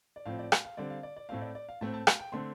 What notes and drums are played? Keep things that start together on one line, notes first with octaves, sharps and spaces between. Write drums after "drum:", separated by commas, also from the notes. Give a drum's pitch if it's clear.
D5
A2 F3 C4 F5
D5
F5, drum: rim click
F5
D3 G3 C4 D5
F5
D5
D5
A2 A3 C4 F5
D5
D5
F5
A2 A3 C4 A5
A5
F5, drum: rim click
G5
D3 A3 C4 C6